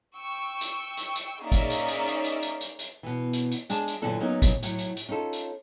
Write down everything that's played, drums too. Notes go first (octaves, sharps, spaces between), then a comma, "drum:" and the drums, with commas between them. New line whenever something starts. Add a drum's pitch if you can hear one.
G5 C#6 E6
drum: hi-hat
drum: hi-hat
drum: hi-hat
A#3 C#4 D#4 G#4 D5 E5
drum: kick, hi-hat
drum: hi-hat
drum: hi-hat
drum: hi-hat
drum: hi-hat
drum: hi-hat
drum: hi-hat
drum: hi-hat
B2 E3
drum: hi-hat
drum: hi-hat
G#3 D4 G#4 A5, drum: hi-hat
drum: hi-hat
F#2 A#2 D3 E3 D4 A4
F#3 A#3 B3 C#4 D#4
drum: kick, hi-hat
A2 F#3, drum: hi-hat
drum: hi-hat
drum: hi-hat
C#4 D#4 F4 A4
drum: hi-hat